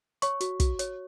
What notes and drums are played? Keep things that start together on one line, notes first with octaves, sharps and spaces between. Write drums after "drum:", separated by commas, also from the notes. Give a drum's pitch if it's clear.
C#5 C#6, drum: hi-hat
F#4, drum: hi-hat
F#4, drum: kick, hi-hat
C#5, drum: hi-hat